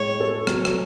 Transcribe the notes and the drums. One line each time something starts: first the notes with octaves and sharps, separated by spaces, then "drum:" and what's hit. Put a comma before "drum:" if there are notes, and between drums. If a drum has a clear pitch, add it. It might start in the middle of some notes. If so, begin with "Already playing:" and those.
Already playing: A2 G#3 C#5
A4
F#3, drum: rim click
drum: rim click